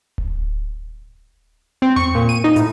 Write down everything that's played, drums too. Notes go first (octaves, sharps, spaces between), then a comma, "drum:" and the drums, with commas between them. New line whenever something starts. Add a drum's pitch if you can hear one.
drum: kick D1
C4
C#6, drum: tom E2
A#2
D#7
D#4
A2, drum: hi-hat